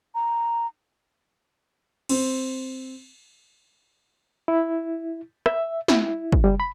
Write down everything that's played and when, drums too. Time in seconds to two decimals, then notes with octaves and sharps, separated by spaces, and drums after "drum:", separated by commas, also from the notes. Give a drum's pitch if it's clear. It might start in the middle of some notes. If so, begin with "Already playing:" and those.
0.15 A#5
2.09 C4, drum: cymbal
4.48 E4
5.46 E5, drum: rim click
5.88 E4, drum: snare
6.32 drum: kick
6.44 G3
6.60 B5